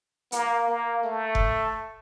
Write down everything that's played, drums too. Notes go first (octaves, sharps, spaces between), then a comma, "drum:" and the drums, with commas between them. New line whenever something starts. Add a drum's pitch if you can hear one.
A#3, drum: hi-hat
A#3
A3
drum: kick F1